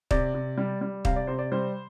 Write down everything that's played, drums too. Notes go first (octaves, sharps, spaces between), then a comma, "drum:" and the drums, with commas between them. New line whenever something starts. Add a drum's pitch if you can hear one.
C3 D5, drum: kick
C3
G3
G3
C3 F5, drum: kick
D5
C3 C5
D5
G3 C5